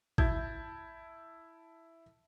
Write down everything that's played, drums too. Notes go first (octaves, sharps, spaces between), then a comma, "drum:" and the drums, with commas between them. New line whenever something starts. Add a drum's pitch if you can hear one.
E4 A5 G6 G#6, drum: kick G#1